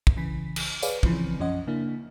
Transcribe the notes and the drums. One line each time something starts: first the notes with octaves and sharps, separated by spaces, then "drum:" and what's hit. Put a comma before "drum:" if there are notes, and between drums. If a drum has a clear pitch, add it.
drum: kick
C#3 E3 B6
drum: cymbal
G#4 B4 C#5 D5 F5, drum: tambourine
C#3 E3 F3 C4, drum: kick
F#2 F3 C#4 D#5 F#5
C#3 A#3 D4 E4